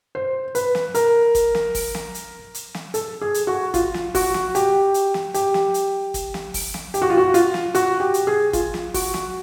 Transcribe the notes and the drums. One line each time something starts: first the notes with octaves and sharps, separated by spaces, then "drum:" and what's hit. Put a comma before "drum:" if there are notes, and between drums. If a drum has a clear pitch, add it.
C5
B4, drum: hi-hat
drum: snare
A#4, drum: hi-hat
drum: kick, hi-hat
drum: snare
drum: kick, open hi-hat
drum: snare
drum: hi-hat
drum: hi-hat
drum: snare
A4, drum: hi-hat
G#4
drum: hi-hat
F#4
F4, drum: kick, hi-hat
drum: snare
F#4, drum: kick, open hi-hat
drum: snare
G4, drum: hi-hat
drum: hi-hat
drum: snare
G4, drum: hi-hat
drum: snare
drum: hi-hat
drum: kick, hi-hat
drum: snare
drum: kick, open hi-hat
drum: snare
G4, drum: hi-hat
F#4
F4
F#4
F4, drum: hi-hat
drum: snare
F#4, drum: hi-hat
G4
drum: hi-hat
G#4
F4, drum: kick, hi-hat
drum: snare
F#4, drum: kick, open hi-hat
drum: snare